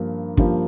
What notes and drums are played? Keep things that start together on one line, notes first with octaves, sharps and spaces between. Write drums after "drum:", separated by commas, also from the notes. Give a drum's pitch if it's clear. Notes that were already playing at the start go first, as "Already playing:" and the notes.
Already playing: G2 F3 A#3
G2 F3 A#3, drum: kick